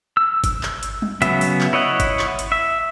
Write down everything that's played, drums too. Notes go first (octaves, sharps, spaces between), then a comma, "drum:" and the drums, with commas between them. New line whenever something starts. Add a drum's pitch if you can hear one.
E6
drum: kick G1, hi-hat
drum: clap
drum: hi-hat
drum: tom G3
C#3 F#3 B3 E5, drum: hi-hat
drum: open hi-hat
drum: clap
E4 C#5 D#5 F#5
drum: kick G1, hi-hat
drum: clap
drum: hi-hat
E5